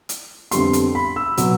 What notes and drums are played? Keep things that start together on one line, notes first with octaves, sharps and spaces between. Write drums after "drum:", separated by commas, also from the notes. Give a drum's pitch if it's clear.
drum: hi-hat
F2 D3 G3 B3 C6, drum: hi-hat
drum: hi-hat
B5
E6
B2 F#3 B3, drum: hi-hat